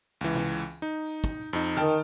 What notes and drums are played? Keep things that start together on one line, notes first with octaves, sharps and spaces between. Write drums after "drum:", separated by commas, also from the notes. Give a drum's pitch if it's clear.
C#2 E3
drum: tom C3
drum: tambourine
drum: tambourine
D#4
drum: tambourine
drum: kick, tambourine
drum: tambourine
F2 D#4
D#3 G5 A5 F6, drum: tom D3